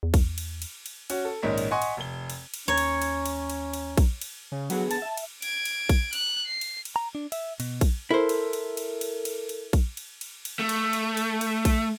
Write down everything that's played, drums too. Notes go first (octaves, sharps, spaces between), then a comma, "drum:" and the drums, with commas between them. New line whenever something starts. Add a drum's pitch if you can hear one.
E2
drum: kick A#1, cymbal
drum: cymbal
drum: cymbal
drum: cymbal
C#4 F#4, drum: cymbal
A4
A#1 G#2 D#3 C#4 D#4 B6
drum: cymbal
D#5 F#5 G#5 C6 C#6
drum: cymbal
F1 G7
drum: cymbal
drum: cymbal
D#2 C#4 C#5 A#5 G#6
drum: cymbal
drum: cymbal
drum: cymbal
drum: cymbal
drum: cymbal
drum: kick A#1, cymbal
drum: cymbal
C#3
D3 F#3 B3 G#4, drum: cymbal
A5, drum: cymbal
E5
drum: cymbal
G#6 D7, drum: cymbal
drum: cymbal
drum: kick A#1, cymbal
F#6, drum: cymbal
C7
drum: cymbal
drum: cymbal
A#5
D4
E5, drum: cymbal
B2, drum: cymbal
drum: kick A#1, cymbal
E4 A4 A#4 C5
drum: cymbal
drum: cymbal
drum: cymbal
drum: cymbal
drum: cymbal
drum: cymbal
drum: kick A#1, cymbal
drum: cymbal
drum: cymbal
drum: cymbal
A3
drum: cymbal
drum: cymbal
drum: cymbal
drum: cymbal
drum: kick A#1, cymbal